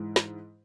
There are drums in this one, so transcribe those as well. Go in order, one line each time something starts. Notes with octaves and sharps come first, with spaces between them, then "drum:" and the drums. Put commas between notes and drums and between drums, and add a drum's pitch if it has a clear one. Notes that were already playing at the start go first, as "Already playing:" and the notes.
Already playing: G#2 E3
drum: snare